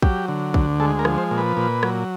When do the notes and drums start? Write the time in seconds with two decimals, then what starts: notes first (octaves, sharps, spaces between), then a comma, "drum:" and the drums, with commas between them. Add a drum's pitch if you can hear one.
0.02 F#3 G4, drum: kick
0.28 D3
0.54 D2, drum: kick
0.80 G#3 A4
0.99 A#4
1.05 F3, drum: rim click
1.18 C5
1.31 A#2
1.38 B4
1.57 A#2
1.83 F#3, drum: rim click